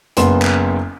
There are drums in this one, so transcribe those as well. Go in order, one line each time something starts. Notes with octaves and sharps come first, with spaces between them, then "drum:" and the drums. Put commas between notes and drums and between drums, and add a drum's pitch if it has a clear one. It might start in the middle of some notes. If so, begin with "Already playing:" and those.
F#1 B3 C6, drum: hi-hat
drum: clap